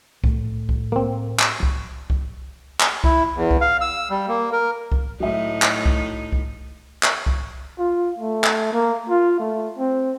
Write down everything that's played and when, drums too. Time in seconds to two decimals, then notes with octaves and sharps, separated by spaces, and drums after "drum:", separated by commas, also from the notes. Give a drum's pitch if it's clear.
0.24 A2 A3, drum: kick C2
0.69 drum: kick C2
0.92 A#3 C4
1.39 drum: clap
1.63 drum: kick C2
2.10 drum: kick C2
2.80 drum: clap
3.04 E4, drum: kick C2
3.36 E2
3.51 drum: kick C2
3.61 F5
3.81 E6
4.10 G3
4.28 A#3
4.53 A#4
4.92 drum: kick C2
5.20 A2 F#3 D#4 E5
5.62 drum: clap
5.86 drum: kick C2
6.32 drum: kick C2
7.03 drum: clap
7.26 drum: kick C2
7.79 F4
8.19 A3
8.44 drum: clap
8.73 A#3
9.09 F4
9.39 A3
9.78 C4